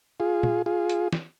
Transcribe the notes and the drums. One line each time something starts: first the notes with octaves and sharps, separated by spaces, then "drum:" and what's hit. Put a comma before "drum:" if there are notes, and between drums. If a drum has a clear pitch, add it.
F4 G#4
drum: tom
F4 G#4
drum: hi-hat
drum: snare